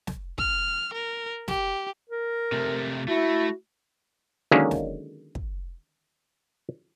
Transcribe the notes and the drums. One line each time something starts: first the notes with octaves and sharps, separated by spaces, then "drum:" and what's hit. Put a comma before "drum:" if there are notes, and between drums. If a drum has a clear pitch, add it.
drum: snare
F6, drum: kick
A#4
G4, drum: snare
A#4
C3 A3
A3 E4 F#4
D3 D#3 F#3 G#3 A#3 C#4
drum: snare
drum: kick